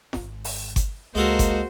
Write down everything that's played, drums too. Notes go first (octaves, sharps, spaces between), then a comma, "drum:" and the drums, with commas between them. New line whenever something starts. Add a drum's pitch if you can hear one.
G#1 G#2, drum: snare
drum: open hi-hat
drum: kick G1, hi-hat
C#2 G#3 A#3 F#4 A4 A#4 C5
drum: kick G1, hi-hat